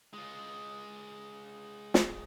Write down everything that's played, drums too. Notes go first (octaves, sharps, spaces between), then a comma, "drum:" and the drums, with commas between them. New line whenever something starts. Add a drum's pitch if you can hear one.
G#3 F4
drum: snare